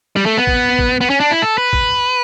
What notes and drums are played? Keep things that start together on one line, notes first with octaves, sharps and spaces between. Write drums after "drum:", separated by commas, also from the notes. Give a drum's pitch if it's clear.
G3
A3
B3
drum: kick
drum: kick
B3
C#4
D4
E4
A4
B4
drum: kick